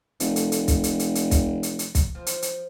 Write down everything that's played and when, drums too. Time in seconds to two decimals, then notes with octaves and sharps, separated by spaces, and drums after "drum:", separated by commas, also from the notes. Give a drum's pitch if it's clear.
0.20 F1 A3, drum: hi-hat
0.36 drum: hi-hat
0.52 drum: hi-hat
0.68 drum: kick, hi-hat
0.84 drum: hi-hat
0.99 drum: hi-hat
1.15 drum: hi-hat
1.31 drum: kick, hi-hat
1.63 drum: hi-hat
1.79 drum: hi-hat
1.95 drum: kick, hi-hat
2.15 F3
2.27 drum: hi-hat
2.42 drum: hi-hat